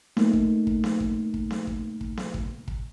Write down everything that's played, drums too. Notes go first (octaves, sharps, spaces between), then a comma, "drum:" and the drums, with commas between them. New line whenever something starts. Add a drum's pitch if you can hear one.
A3 A#3 D#4, drum: snare B3
drum: kick
drum: kick
drum: snare B3
drum: kick
drum: kick
drum: snare B3
drum: kick
drum: kick
drum: snare B3
drum: kick
drum: kick